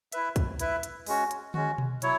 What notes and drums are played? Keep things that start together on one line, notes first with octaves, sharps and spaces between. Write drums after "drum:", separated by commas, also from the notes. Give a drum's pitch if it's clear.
E4 B4 E5, drum: hi-hat
drum: kick, hi-hat
E4 B4 E5, drum: hi-hat
drum: hi-hat
G#3 C#4 F#4, drum: open hi-hat
drum: hi-hat
G#3 C#4 F#4, drum: tom D3
drum: tom B2
F#3 E4 C#5, drum: hi-hat